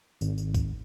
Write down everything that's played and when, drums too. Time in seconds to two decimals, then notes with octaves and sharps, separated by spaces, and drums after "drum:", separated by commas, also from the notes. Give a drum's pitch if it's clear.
0.21 G#1, drum: tambourine
0.38 drum: tambourine
0.54 drum: kick, tambourine